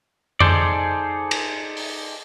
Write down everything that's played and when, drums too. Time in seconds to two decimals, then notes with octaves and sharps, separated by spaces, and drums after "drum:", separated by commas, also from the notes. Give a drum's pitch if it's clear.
0.40 D#4 G#4 A4 C5 D5, drum: tom F2
1.31 drum: cymbal
1.77 drum: open hi-hat